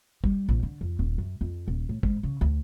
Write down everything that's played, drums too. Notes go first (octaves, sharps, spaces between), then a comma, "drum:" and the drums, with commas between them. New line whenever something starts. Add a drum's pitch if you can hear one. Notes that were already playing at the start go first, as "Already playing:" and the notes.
G3, drum: kick F#1
A#1
D3
F2
D#1
F#2
F2
D#1
A2
G#2, drum: kick F#1
C#3
D2